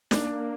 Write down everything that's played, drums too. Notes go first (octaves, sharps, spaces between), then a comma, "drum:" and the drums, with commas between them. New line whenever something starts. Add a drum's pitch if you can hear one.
A#3 D4, drum: snare